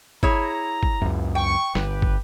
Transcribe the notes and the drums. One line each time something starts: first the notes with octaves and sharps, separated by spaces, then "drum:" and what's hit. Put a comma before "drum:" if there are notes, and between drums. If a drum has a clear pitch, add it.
E4 G#4 C#5 A#5, drum: kick
drum: kick
C#2 F#2
G5 C#6
G1 G4 B4, drum: snare
drum: kick